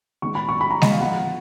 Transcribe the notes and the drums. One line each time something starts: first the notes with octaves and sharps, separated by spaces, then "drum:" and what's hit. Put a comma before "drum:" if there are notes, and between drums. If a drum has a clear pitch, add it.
D#3 G#3 B3 C#6
B5
C#6
B5
A#5
D#5, drum: snare G#3
F5
F3 B3 F#5